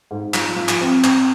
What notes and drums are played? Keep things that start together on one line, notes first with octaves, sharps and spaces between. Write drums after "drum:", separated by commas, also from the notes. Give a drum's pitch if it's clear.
G#2
F3, drum: clap
F3
drum: clap
C4
C4, drum: clap